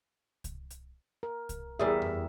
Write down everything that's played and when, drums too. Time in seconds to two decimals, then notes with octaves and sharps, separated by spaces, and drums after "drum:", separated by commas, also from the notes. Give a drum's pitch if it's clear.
0.44 drum: kick C2, hi-hat
0.71 drum: hi-hat
1.23 A#4
1.49 drum: kick C2, hi-hat
1.79 E2 G3 G#4 A#4 E5
2.02 drum: tom F2